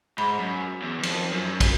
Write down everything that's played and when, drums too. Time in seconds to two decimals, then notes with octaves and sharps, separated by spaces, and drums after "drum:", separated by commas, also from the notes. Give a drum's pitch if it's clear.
0.18 G#2 B5
0.40 F#2
0.82 E2
0.99 E2
1.03 F2, drum: cymbal
1.32 F#2
1.60 drum: kick, cymbal